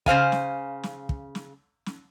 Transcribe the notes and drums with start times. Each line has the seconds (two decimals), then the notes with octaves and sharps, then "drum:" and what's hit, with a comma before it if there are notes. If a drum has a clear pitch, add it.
0.06 C#3 C5 F5 G#5, drum: kick
0.32 drum: snare
0.83 drum: snare
1.09 drum: kick
1.35 drum: snare
1.86 drum: snare